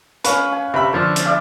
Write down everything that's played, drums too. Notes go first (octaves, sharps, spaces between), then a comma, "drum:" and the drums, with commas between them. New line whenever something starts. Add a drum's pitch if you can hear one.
C#4 B4 F5 C#6, drum: hi-hat
G#5
C3 B4 E5 B5
D3 F3 D4 C#6
drum: hi-hat
D5 E5 G#5